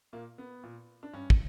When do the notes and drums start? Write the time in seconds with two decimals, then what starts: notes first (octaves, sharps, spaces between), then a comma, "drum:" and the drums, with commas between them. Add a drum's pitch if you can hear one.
0.13 A#2 A#3
0.38 B3
0.63 A#2
1.03 D4
1.13 G2 C#4
1.30 drum: kick